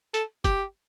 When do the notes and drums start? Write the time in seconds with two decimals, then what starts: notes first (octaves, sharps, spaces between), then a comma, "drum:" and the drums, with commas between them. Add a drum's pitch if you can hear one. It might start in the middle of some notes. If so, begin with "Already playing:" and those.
0.14 A4, drum: hi-hat
0.44 G4, drum: kick F#1, hi-hat